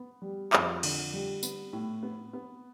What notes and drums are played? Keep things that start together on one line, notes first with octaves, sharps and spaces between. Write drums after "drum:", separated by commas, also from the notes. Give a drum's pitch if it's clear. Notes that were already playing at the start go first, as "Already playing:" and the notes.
Already playing: B3
G3
F2, drum: clap
D3, drum: cymbal
G3
B3, drum: tambourine
A2
B3
B3